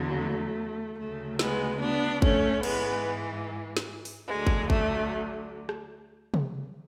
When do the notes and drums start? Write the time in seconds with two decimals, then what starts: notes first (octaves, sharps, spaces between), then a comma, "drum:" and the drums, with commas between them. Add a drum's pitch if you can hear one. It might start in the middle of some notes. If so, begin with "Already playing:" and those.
Already playing: E2 D3 F#3
0.16 A3
0.98 D2 C#3 F#3 A3
1.39 G#3 B3, drum: snare
1.81 B3 D4
2.22 A3 C#4, drum: kick G#1
2.63 G#2 E3 G#3 B3, drum: cymbal
3.77 drum: snare
4.05 drum: open hi-hat
4.28 D2 D3 F#3 G#3
4.47 drum: kick G#1
4.70 A3, drum: kick G#1
5.69 drum: rim click
6.34 drum: tom C3